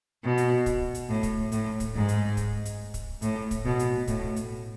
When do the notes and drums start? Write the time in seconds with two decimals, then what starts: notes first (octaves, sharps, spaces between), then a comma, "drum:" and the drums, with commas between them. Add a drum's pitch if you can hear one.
0.24 B2
0.38 drum: hi-hat
0.66 drum: kick, hi-hat
0.95 drum: hi-hat
1.09 A2
1.23 drum: kick, hi-hat
1.52 A2, drum: hi-hat
1.80 drum: kick, hi-hat
1.94 G#2
2.08 drum: hi-hat
2.37 drum: kick, hi-hat
2.65 drum: hi-hat
2.94 drum: kick, hi-hat
3.22 A2, drum: hi-hat
3.51 drum: kick, hi-hat
3.65 B2
3.79 drum: hi-hat
4.07 A2, drum: kick, hi-hat
4.36 drum: hi-hat